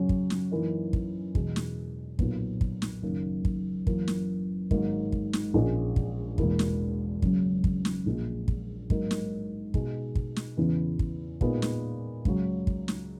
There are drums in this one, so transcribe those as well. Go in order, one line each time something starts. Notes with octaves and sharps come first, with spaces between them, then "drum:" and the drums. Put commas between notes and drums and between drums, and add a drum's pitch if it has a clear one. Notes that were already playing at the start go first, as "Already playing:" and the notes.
Already playing: F#2 C#3 F#3 C#4 F#4
drum: kick
drum: snare
F#2 E3 A#3 D#4 A#4
drum: kick
E2 B2 G#3, drum: kick
drum: snare
B1 A#2 F#3 B3, drum: kick
drum: kick
drum: snare
F#1 F#2 D#3 A#3
drum: kick
F#2 E3 A#3, drum: kick
drum: snare
G#1 G#2 F#3 A#3 D#4, drum: kick
drum: kick
drum: snare
A#1 A#2 G#3 C#4
drum: kick
E1 E2 B2 A#3 E4, drum: kick
drum: snare
F#1 F#2 C#3 F#3, drum: kick
drum: kick
drum: snare
A#1 A#2 G#3
drum: kick
G#2 F#3 A#3 D#4 A#4, drum: kick
drum: snare
B2 G#3 D#4, drum: kick
drum: kick
drum: snare
E2 C#3 E3 B3 E4
drum: kick
A#2 G#3 B3 D#4, drum: kick
drum: snare
C#2 C#3 F#3, drum: kick
drum: kick
drum: snare